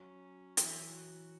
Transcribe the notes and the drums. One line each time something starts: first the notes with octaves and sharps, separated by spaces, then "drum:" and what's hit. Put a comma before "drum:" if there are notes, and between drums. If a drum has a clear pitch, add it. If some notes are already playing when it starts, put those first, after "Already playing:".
Already playing: F#3 C#4
E3 E4, drum: hi-hat
E3
F#4